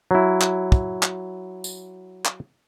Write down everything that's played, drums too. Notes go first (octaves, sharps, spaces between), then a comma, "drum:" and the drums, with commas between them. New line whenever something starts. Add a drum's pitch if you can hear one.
F#3 E4
drum: clap
drum: kick
drum: clap
drum: tambourine
drum: clap